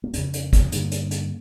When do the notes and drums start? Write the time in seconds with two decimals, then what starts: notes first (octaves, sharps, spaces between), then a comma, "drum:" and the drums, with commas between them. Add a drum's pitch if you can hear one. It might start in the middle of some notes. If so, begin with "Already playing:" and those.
0.04 A#3
0.13 F2 C#3 C#4, drum: hi-hat
0.33 drum: hi-hat
0.53 drum: kick, hi-hat
0.72 G2 D3 A#3, drum: hi-hat
0.91 drum: hi-hat
1.11 drum: hi-hat